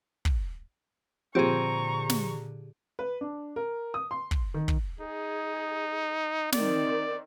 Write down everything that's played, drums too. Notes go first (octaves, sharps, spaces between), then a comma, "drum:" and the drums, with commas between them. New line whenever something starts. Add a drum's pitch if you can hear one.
drum: kick
A#2 D3 F3 C4 G4 G#4 A#5 C#6
drum: snare
B4
D4
A#4
D#6
C6
drum: kick
D#3
drum: kick
D#4 G#4
D#3 C4 D5, drum: snare